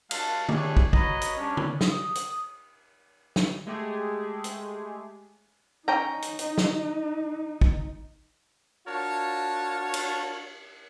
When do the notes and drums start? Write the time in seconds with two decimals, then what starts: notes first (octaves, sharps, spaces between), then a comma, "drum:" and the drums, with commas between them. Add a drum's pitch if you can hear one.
0.11 G#3 F4 F#4 F5 A5, drum: cymbal
0.49 A3 D4 E4 G4 G#4 C#5, drum: tom D3
0.77 drum: kick
0.93 F#4 B4 C#5 D#5 A#5 B5, drum: kick
1.22 drum: hi-hat
1.37 G3 C#4 D4
1.57 drum: tom C#3
1.81 D#6, drum: snare
2.15 drum: hi-hat
3.36 drum: snare
3.67 G#3 A3 G4 G#4
4.44 drum: hi-hat
5.88 C#4 D#4 G5 A#5
6.22 drum: hi-hat
6.39 drum: hi-hat
6.58 drum: snare
7.61 drum: kick
8.87 D4 F4 F#4 A#4 C#5 A5
9.94 drum: cymbal